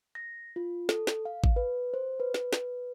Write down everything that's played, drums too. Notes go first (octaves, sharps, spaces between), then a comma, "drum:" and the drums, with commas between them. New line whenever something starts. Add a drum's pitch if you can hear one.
A#6
F4
A4, drum: snare
drum: snare
F5
drum: kick A1
B4
C5
B4
drum: snare
drum: snare